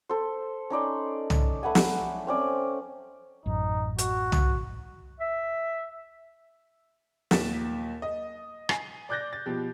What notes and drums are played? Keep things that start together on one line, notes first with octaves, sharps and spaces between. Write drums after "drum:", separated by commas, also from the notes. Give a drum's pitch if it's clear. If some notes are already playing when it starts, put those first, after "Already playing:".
A4 C5
C#4 D#4 D5 C6
drum: tom
A3 B4 F#5 G#5
drum: snare
C4 C#4 D5
A1 F#2 D#4
F#4, drum: hi-hat
drum: tom
E5
D#2 A#2 A6 B6 E7, drum: snare
D#5
G#5 C7, drum: rim click
D5 D6 F#6 G6 A6 A#6
A6
B2 F3 G4